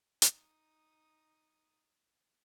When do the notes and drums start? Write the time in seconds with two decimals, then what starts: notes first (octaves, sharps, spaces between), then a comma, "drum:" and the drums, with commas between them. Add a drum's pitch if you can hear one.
0.22 D#4 D#6, drum: hi-hat